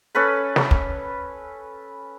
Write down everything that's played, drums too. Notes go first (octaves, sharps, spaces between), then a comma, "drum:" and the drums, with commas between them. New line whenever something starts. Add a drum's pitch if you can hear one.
C#4 A4 B4 B5
drum: snare
drum: kick